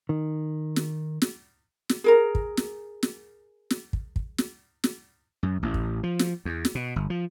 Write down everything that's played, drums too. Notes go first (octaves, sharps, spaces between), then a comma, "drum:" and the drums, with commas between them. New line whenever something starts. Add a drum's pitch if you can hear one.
D#3
drum: snare
drum: snare
drum: snare
G#4 A#4 A#5
drum: kick
drum: snare
drum: snare
drum: snare
drum: kick
drum: kick
drum: snare
drum: snare
F#2
A1
drum: kick
F3
drum: snare
E2
drum: snare
B2
G1
F3